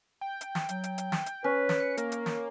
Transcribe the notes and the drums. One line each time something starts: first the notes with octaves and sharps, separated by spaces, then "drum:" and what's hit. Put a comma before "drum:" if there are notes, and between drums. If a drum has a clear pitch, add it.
G5
drum: hi-hat
drum: snare
F#3, drum: hi-hat
drum: hi-hat
drum: hi-hat
drum: snare
drum: hi-hat
C#4 B4
drum: snare
C#7
A#3 A#4, drum: hi-hat
drum: hi-hat
drum: snare